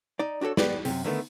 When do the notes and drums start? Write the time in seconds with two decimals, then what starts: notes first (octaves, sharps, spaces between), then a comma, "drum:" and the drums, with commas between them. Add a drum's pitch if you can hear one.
0.19 D#4 D5
0.41 D4 F#4 G4 A4 C#5
0.57 B3 G4 B4 D5 B5, drum: snare
0.85 F#2 C3, drum: open hi-hat
1.04 D3 D#3 A3 B3